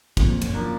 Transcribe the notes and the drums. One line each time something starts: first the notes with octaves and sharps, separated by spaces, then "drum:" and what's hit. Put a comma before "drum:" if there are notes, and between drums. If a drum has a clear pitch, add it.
F2 A#2, drum: kick, cymbal
F#1 F#2, drum: cymbal
F3 A#3 D4